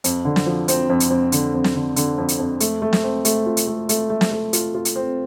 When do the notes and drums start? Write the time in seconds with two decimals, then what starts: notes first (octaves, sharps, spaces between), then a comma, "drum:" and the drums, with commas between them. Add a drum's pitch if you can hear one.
0.04 F2, drum: hi-hat
0.25 D3
0.36 drum: snare
0.46 F3
0.68 C4, drum: hi-hat
0.90 F2
1.00 drum: hi-hat
1.10 F2
1.32 D3, drum: hi-hat
1.54 F2
1.64 drum: snare
1.75 D3
1.96 D3, drum: hi-hat
2.18 F2
2.28 drum: hi-hat
2.39 F2
2.60 A3, drum: hi-hat
2.82 A3
2.93 drum: snare
3.03 C4
3.25 A3, drum: hi-hat
3.46 F4
3.57 drum: hi-hat
3.67 A3
3.89 A3, drum: hi-hat
4.10 A3
4.21 drum: snare
4.31 A3
4.53 F4, drum: hi-hat
4.75 F4
4.85 drum: hi-hat
4.96 C4